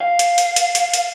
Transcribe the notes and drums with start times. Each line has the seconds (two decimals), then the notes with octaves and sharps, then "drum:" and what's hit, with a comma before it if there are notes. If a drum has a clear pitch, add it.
0.01 F5
0.19 drum: hi-hat
0.38 drum: hi-hat
0.56 drum: hi-hat
0.75 drum: hi-hat
0.94 drum: hi-hat